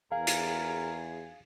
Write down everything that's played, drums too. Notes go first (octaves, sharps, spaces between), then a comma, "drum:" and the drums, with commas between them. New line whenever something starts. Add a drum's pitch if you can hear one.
E2 G#4 A#4 F5
drum: hi-hat